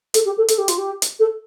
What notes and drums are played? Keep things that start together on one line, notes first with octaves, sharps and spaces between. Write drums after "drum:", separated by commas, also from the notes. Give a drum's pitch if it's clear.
A4, drum: hi-hat
G4
A4
A4, drum: hi-hat
G4
F4, drum: hi-hat
G4
drum: hi-hat
A4